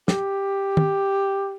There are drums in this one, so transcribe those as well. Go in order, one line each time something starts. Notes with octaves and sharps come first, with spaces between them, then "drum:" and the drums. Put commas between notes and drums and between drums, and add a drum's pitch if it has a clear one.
G4, drum: snare
drum: tom